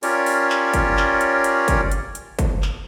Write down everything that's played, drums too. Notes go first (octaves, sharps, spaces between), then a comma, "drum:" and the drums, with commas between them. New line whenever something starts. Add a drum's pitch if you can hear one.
C#4 F4 G4 A#4 C#5 D5, drum: open hi-hat
drum: open hi-hat
drum: clap
drum: kick, hi-hat
drum: clap
drum: hi-hat
drum: hi-hat
drum: kick, hi-hat
drum: hi-hat
drum: hi-hat
drum: kick, hi-hat
drum: clap